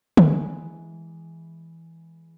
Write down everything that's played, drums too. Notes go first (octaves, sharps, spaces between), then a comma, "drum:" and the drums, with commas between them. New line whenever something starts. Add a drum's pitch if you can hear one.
E3 G#3, drum: tom D3